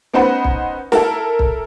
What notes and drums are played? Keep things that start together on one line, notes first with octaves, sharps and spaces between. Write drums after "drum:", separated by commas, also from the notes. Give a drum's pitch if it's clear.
B3 C#4 D#4 C5 F#5 B5
drum: kick
E4 A4 A#4, drum: snare
drum: kick